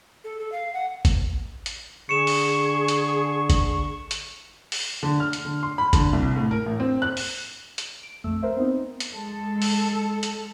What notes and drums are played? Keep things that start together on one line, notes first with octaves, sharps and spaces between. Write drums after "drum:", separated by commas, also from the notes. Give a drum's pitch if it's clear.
A4
A4
F5
F#5
drum: kick G#1, hi-hat
drum: hi-hat
D3 G#4 C#6 C#7 E7
drum: open hi-hat
drum: hi-hat
drum: kick G#1, hi-hat
drum: hi-hat
drum: open hi-hat
D3
F6
drum: hi-hat
D3
C6
B5
D3, drum: kick G#1, hi-hat
C2
A2
A#4
A1
C4
F#6
drum: open hi-hat
drum: hi-hat
D7
A#1 F2 A3 E6
A#4 C5 E5
B3 C4 D#4
drum: hi-hat
G#3 A4
drum: open hi-hat
drum: hi-hat